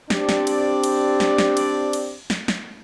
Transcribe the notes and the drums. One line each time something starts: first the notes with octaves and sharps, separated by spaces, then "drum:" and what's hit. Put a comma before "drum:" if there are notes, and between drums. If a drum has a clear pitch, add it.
C4 D4 G4 D5, drum: snare
drum: snare
drum: cymbal
drum: cymbal
drum: snare
drum: snare
drum: cymbal
drum: cymbal
drum: snare
drum: snare